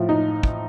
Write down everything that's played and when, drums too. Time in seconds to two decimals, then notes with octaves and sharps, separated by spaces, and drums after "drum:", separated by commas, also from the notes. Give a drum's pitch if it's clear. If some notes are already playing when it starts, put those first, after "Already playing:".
Already playing: A2 F3
0.09 D#4
0.43 drum: kick